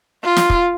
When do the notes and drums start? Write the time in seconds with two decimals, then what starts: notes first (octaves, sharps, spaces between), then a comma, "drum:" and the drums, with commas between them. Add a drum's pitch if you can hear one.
0.24 F4
0.36 drum: snare
0.50 drum: kick